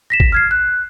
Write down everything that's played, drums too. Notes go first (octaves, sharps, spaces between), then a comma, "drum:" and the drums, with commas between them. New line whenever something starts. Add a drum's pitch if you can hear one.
A#6 B6 E7
drum: kick
F6 G#6 C7
F#6